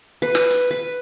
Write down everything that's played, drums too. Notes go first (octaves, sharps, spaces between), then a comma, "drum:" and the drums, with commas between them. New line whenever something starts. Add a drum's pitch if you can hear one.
B4
drum: snare
drum: hi-hat
B4